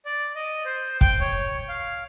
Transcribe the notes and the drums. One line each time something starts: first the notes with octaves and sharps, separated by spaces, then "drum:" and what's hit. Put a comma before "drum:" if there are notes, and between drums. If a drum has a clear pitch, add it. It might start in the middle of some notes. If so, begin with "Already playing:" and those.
D5
D#5
C5
G5, drum: kick
C#5
F5